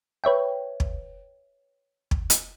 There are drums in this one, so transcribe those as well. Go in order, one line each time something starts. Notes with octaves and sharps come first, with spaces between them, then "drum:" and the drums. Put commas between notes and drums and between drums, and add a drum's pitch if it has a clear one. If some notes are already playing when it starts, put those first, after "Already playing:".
B4 C#5 E5 G5
drum: kick
drum: kick
drum: hi-hat